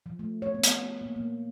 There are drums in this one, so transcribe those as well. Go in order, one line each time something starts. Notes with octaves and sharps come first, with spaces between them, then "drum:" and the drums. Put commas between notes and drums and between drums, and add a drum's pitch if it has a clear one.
F3
A3
C#5
B3
drum: hi-hat
A#3
A#3